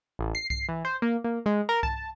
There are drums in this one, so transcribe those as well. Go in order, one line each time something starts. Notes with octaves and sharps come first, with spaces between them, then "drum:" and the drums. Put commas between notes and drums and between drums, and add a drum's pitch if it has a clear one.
A1
C7
C7, drum: kick C2
E3
C5
A#3
A#3
G#3
A#4
A5, drum: kick C2